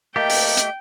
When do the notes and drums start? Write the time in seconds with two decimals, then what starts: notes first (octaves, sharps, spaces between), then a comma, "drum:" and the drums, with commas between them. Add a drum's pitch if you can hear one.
0.16 A3 A#3 G4 D#5 G5
0.30 drum: open hi-hat
0.57 drum: hi-hat